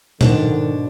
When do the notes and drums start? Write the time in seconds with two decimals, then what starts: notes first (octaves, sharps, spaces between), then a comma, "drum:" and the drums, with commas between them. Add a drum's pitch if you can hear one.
0.21 G#2 B2 D3 D#3 D4, drum: tom A#2